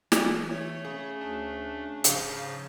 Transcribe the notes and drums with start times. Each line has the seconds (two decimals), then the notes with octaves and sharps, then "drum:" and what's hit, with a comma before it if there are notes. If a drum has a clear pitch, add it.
0.12 E3, drum: snare
0.51 A3 C#5
0.85 C#3 G#4
1.21 D2 D4
2.04 G#2 C#3 F3 F5, drum: hi-hat